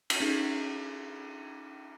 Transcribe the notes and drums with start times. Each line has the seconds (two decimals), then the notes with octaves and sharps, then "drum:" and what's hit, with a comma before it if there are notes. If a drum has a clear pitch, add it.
0.10 drum: cymbal
0.20 C#4 D#4 G#4